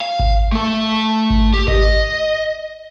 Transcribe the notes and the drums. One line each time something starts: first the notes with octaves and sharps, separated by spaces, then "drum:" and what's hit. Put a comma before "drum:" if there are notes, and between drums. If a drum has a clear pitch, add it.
F5
drum: kick G#1
A3 A4
drum: kick G#1
G4
D#5, drum: kick G#1